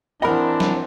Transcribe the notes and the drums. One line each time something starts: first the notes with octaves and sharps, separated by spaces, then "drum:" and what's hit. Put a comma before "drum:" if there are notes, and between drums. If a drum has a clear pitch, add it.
E3 C4 D4 A#4 D#5 F#5 A#5 B5
drum: snare